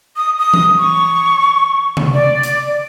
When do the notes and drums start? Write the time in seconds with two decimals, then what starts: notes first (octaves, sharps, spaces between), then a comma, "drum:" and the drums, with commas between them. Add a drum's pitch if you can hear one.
0.17 D#6
0.39 D#6
0.54 drum: tom E3
0.78 C#6
1.97 drum: tom C3
2.14 D5
2.43 drum: hi-hat